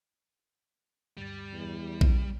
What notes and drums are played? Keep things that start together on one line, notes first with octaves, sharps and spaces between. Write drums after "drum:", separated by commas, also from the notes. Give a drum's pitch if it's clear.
D2 G2 G3 A6
E2
C#3, drum: kick A#1